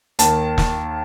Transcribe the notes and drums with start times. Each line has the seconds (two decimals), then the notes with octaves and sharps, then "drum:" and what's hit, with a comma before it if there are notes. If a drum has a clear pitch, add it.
0.19 D#2 D#3 A5, drum: hi-hat
0.58 drum: snare